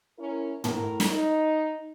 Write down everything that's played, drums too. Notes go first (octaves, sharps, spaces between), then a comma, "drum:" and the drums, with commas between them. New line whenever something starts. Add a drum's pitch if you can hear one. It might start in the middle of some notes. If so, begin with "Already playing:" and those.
C#4 E4 A#4
A2 A#4, drum: tom
drum: snare
D#4